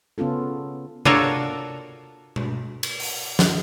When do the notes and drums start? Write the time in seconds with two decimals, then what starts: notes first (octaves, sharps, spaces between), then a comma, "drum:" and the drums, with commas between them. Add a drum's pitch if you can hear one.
0.18 C#3 B3 C#4 F4 A4
1.05 D4 F4 F#4 A4 A#4 C#5, drum: tom C3
2.36 drum: tom B2
2.83 drum: cymbal
3.00 drum: open hi-hat
3.39 drum: snare